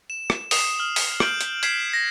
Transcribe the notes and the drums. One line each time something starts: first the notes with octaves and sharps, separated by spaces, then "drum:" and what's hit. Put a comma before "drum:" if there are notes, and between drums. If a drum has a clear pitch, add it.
E7
drum: rim click
D#6 C7 E7, drum: open hi-hat
F6 F#7
drum: open hi-hat
D#6 F6 G6 D7 F#7, drum: rim click
drum: hi-hat
G#6 B6 C7 E7, drum: hi-hat
A#6 C#7